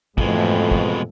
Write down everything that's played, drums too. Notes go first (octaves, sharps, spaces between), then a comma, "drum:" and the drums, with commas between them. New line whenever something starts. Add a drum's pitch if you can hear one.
F2 G#2 B2 E3 G#3 A3, drum: kick
drum: kick